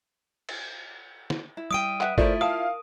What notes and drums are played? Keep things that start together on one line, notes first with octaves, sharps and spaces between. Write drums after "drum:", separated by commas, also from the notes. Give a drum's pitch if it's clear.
drum: cymbal
drum: snare
E4
G3 G5 D#6 D7 D#7
B4 E5 F#5, drum: clap
A3 E4 F4 A#4 C5 D5, drum: kick G1
A#4 F5 A5 D#6